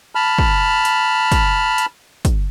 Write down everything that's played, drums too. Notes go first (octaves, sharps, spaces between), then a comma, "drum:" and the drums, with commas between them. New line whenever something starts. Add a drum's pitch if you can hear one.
A5 B5 F6
drum: kick
drum: hi-hat
drum: kick, hi-hat
drum: hi-hat
drum: kick, hi-hat